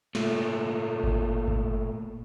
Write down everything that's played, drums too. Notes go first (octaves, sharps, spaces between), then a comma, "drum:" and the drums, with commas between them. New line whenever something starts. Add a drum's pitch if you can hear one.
A#2 A3, drum: snare
drum: kick G1
drum: kick G1